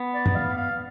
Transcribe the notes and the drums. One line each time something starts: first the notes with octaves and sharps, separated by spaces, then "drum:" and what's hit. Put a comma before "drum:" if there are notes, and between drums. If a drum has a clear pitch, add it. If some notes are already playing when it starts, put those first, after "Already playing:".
Already playing: B3
D5
drum: tom
F5
F5